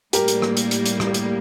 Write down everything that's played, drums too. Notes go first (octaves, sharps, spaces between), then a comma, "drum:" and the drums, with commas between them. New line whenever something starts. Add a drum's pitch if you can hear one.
A2 G3 A#3 G4 A#4, drum: hi-hat
drum: hi-hat
drum: rim click
drum: hi-hat
drum: hi-hat
drum: hi-hat
drum: rim click
drum: hi-hat